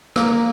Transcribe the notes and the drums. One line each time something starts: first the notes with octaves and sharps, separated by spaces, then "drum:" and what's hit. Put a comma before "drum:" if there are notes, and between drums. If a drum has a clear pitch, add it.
A#3, drum: rim click